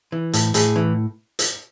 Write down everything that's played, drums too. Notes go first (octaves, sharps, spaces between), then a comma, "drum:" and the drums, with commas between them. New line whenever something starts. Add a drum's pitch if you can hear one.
E3
A2, drum: hi-hat
A2 G#4, drum: hi-hat
E3
drum: hi-hat